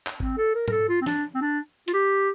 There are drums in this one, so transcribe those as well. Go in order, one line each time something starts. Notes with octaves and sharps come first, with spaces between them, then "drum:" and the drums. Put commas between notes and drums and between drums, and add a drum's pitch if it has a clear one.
drum: clap
C4, drum: kick G#1
A4
A#4
A#4, drum: tom G#2
A4
F4
C4
D4, drum: snare
C4
D4
F4, drum: hi-hat
G4